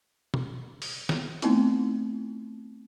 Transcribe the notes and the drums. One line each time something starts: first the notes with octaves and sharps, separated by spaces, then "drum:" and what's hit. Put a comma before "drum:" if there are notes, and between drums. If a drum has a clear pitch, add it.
drum: tom B2
drum: open hi-hat
drum: snare
A3 B3 C4 D#4 E4, drum: hi-hat